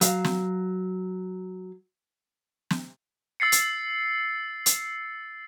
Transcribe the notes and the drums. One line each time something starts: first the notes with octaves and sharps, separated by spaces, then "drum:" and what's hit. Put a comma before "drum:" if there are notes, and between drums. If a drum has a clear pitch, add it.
F#3 F5, drum: hi-hat
drum: snare
drum: snare
E6 A6 C7 C#7
drum: hi-hat
drum: hi-hat